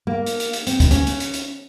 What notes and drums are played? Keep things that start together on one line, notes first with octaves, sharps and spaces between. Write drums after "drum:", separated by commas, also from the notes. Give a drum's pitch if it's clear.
A#3
drum: hi-hat
drum: hi-hat
drum: hi-hat
C4, drum: hi-hat
drum: kick, hi-hat
C#4, drum: hi-hat
drum: hi-hat
drum: hi-hat
drum: hi-hat